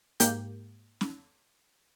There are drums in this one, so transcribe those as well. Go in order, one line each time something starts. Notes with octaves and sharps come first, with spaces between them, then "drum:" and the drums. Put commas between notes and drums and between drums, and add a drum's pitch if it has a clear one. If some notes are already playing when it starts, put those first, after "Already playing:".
G#2 A#3 G4 G6, drum: hi-hat
drum: snare